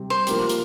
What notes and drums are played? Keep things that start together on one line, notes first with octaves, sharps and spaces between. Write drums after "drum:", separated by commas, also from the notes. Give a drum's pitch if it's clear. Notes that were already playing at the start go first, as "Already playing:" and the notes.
Already playing: C3 G3 C4 G4
C5
F3 A#3 G4, drum: hi-hat
drum: hi-hat